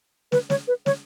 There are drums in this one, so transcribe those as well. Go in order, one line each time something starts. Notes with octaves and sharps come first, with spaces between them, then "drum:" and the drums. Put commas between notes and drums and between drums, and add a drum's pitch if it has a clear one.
B4, drum: snare
C#5, drum: snare
B4
C#5, drum: snare